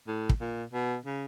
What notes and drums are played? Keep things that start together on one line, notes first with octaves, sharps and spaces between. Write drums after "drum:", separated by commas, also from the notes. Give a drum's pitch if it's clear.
A2
drum: kick
A#2
B2
C#3